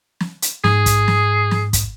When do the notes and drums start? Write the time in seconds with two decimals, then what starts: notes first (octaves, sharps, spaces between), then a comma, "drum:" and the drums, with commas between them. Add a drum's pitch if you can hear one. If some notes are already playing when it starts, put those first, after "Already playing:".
0.20 drum: snare
0.42 drum: hi-hat
0.64 G#2 G#4 D#6, drum: snare
0.86 drum: kick, hi-hat
1.08 drum: snare
1.51 drum: snare
1.73 drum: kick, hi-hat